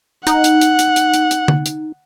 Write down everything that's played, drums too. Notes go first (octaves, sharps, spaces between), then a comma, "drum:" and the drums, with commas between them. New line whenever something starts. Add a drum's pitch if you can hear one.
D#4 F#5, drum: hi-hat
drum: hi-hat
drum: hi-hat
drum: hi-hat
drum: hi-hat
drum: hi-hat
drum: hi-hat
drum: tom
drum: hi-hat